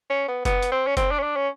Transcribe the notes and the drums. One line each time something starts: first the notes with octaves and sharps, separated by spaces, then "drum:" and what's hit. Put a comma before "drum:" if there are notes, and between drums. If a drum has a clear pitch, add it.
C#4
B3
B3, drum: kick F#1, hi-hat
drum: hi-hat
C4
C#4
C4, drum: kick F#1, hi-hat
D4
C#4
D4
C#4